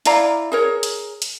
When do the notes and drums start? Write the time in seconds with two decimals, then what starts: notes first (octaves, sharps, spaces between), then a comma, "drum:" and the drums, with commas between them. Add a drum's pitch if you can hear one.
0.05 E4 D5 F5 A#5, drum: hi-hat
0.52 G#4 A#4 C#5
0.83 drum: hi-hat
1.22 drum: hi-hat